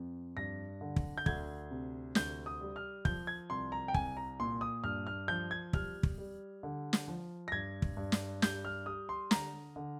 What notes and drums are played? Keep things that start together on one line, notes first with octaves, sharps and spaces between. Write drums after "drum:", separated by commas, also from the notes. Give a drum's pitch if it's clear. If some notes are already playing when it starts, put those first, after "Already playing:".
Already playing: F2
G2 A#6
D3
drum: kick
G6
D2 G#6, drum: kick
C3
D2 G6, drum: snare
D#6
G3
F6
F3 G6, drum: kick
G#6
C2 C6
A#5
G5
C2 G#5, drum: kick
A#5
A#2 C6
D#6
G2 F6
F6
F3 G6
G#6
G3 F6, drum: kick
drum: kick
G3
D3
drum: snare
F3
A#6
G2 G#6
drum: kick
G2
drum: snare
G3 G6, drum: snare
F6
G3 D#6
C6
D3 A#5, drum: snare
D3